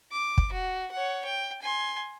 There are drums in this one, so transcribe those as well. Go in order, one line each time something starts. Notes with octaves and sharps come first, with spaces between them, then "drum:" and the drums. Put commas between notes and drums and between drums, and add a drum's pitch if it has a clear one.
D6
drum: kick
F#4
C#5 F#5
G5
G#5 C6